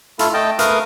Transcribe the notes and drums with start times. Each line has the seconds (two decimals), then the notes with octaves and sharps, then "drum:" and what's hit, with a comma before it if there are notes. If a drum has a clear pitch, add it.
0.19 A3 E4 F4 A4 F5, drum: hi-hat
0.34 A3 D#5 G5 A5
0.59 A3 A#4 B4 F5 D#6, drum: hi-hat